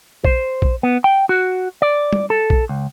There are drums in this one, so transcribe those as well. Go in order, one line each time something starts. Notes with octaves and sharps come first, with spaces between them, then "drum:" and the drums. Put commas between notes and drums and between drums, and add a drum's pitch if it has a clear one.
C5, drum: kick A#1
drum: kick A#1
B3
G5
F#4
D5
drum: tom
A4
drum: kick A#1
C#2